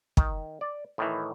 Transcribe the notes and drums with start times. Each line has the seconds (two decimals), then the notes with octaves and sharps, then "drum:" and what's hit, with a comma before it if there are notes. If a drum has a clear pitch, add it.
0.17 D#3, drum: kick
0.61 D5
0.98 A2 D#3 E3